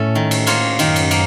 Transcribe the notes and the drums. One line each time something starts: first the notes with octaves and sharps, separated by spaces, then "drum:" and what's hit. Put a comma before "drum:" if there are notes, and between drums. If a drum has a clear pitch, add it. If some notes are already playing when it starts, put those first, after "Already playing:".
Already playing: A2 A3 C#4 A4
D#3
drum: cymbal
A#3 F4 A#4 C#5, drum: cymbal
F#2 D#3, drum: cymbal
drum: cymbal
A#3, drum: cymbal